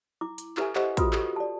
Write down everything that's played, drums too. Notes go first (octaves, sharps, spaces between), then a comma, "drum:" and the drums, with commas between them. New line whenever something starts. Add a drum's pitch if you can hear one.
E4 D6
drum: hi-hat
E4 G4 A4 B4 E5 G#5, drum: clap
G4 A4 C5 D#5 F#5, drum: clap
F4 F#4 A4 B4 D#6, drum: kick, hi-hat
G4 A4 C#6, drum: clap
D5 A5